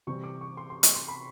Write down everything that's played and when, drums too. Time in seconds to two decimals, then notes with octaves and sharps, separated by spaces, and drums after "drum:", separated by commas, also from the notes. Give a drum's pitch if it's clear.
0.07 C3 E3 G3 C4 C#6
0.23 D6
0.41 C#6
0.57 C6
0.70 C6
0.83 C#6, drum: hi-hat
0.95 C6
1.08 B5